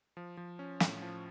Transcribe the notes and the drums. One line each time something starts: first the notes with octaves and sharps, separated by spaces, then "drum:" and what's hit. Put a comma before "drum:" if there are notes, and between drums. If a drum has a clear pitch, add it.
F3
F3
C#4
A2, drum: snare
F3